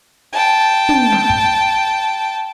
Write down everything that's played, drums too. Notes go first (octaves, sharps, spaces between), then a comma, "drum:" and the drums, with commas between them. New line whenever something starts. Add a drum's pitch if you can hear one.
G5 A5
drum: tom
drum: snare
drum: kick